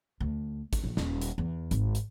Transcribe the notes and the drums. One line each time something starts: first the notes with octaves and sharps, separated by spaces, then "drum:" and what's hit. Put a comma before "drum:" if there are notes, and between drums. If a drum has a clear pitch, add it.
D2
drum: kick, hi-hat
A#1
D#1, drum: snare
drum: hi-hat
E2
G#1, drum: hi-hat
drum: hi-hat